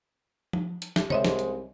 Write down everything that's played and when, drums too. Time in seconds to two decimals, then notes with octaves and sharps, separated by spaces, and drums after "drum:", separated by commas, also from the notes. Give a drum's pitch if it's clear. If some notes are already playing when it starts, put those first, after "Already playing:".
0.53 drum: tom F3
0.82 drum: hi-hat
0.96 drum: snare
1.10 C2 G#3 C5 C#5 D#5 E5, drum: tom C3
1.25 drum: snare
1.39 drum: hi-hat